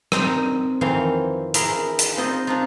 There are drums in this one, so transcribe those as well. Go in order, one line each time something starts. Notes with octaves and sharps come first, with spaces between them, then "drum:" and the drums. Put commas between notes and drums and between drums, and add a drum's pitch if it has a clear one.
C4 D#4 A#4 C5 A#5, drum: rim click
F2 D#3 E3 C4 F5
E4 G#4 A#4 E5 C6, drum: hi-hat
drum: hi-hat
C4 D#4 F4 C5 D#5
D4 D#4 F4